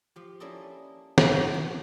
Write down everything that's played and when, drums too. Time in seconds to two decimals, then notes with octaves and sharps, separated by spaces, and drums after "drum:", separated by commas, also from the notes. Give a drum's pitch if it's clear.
0.16 F3 G4
0.40 A#3 C#4 E4 A4 D5 D#5
1.18 drum: snare
1.54 F2 A#3 E4 F#4 C5 A5